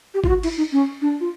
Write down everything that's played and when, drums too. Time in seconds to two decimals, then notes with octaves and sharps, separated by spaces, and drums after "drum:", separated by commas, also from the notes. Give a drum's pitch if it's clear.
0.14 G4
0.24 F4, drum: kick G#1
0.28 F#4
0.43 E4, drum: cymbal
0.57 D#4
0.72 C#4
1.02 D4
1.20 F4